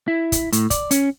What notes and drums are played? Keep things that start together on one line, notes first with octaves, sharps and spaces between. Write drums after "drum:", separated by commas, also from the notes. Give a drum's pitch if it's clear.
E4
drum: kick, hi-hat
A2, drum: hi-hat
D5, drum: kick, hi-hat
C#4, drum: hi-hat